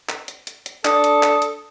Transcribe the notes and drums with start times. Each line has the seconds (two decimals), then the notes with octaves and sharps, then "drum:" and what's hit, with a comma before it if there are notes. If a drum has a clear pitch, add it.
0.09 drum: clap
0.28 drum: hi-hat
0.47 drum: hi-hat
0.66 drum: hi-hat
0.85 D4 A4 D#6, drum: clap
1.04 drum: hi-hat
1.23 drum: clap
1.42 drum: hi-hat